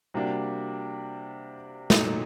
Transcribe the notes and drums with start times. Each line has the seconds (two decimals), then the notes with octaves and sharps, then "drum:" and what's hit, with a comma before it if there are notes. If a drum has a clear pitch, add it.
0.14 C3 G3 A#3 D4 F#4
1.90 A#2 F#3 A3 D#4, drum: snare